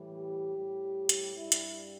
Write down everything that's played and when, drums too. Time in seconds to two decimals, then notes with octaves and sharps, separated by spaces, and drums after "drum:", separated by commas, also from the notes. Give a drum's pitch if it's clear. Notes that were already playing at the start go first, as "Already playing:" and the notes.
Already playing: A2 E3 G3
0.15 G4
0.55 A2 G3
1.09 drum: hi-hat
1.37 G2 G3 E4
1.52 drum: hi-hat